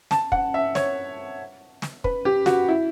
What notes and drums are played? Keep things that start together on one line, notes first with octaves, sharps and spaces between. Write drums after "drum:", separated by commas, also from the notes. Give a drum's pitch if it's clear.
A5, drum: snare
F#5, drum: kick
E5
C#5, drum: snare
drum: snare
B4, drum: kick
G4
F#4, drum: snare
E4